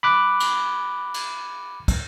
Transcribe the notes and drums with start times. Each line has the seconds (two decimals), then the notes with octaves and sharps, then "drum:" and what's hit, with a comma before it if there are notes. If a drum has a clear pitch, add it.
0.03 B5 D6 F#6
0.40 drum: cymbal
1.14 drum: cymbal
1.88 drum: kick, cymbal